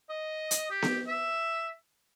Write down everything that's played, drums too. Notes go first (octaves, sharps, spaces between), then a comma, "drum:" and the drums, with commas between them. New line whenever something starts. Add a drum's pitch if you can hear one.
D#5
drum: hi-hat
G4
drum: snare B3
E5